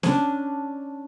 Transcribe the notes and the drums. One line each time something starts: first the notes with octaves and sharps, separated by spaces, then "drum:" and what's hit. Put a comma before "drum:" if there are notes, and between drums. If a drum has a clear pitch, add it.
C#4 D4, drum: snare B3